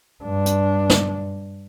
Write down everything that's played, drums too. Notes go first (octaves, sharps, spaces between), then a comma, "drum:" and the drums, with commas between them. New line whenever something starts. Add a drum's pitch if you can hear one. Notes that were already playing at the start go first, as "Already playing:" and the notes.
G2 D4
drum: hi-hat
drum: snare